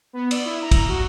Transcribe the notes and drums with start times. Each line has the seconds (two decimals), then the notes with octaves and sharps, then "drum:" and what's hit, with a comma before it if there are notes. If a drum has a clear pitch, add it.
0.13 B3
0.31 D5, drum: cymbal
0.45 E4
0.62 A#5
0.71 drum: kick, cymbal
0.89 F#4